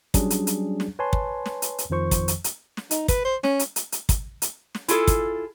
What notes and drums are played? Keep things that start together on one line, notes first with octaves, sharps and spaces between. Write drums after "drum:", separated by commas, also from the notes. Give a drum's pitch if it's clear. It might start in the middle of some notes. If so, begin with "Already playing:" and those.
F#3 G3 C#4 D4 G#4, drum: kick, hi-hat
drum: hi-hat
drum: hi-hat
drum: snare
B4 C#5 G#5 A5 C6
drum: kick
drum: snare
drum: hi-hat
drum: hi-hat
F2 D#3 F3 C5 C#6
drum: kick, hi-hat
drum: hi-hat
drum: hi-hat
drum: snare
D#4, drum: hi-hat
B4, drum: kick, hi-hat
C5
C#4, drum: snare
drum: hi-hat
drum: hi-hat
drum: hi-hat
drum: kick, hi-hat
drum: hi-hat
drum: snare
E4 F4 G#4 A4, drum: hi-hat
drum: kick, hi-hat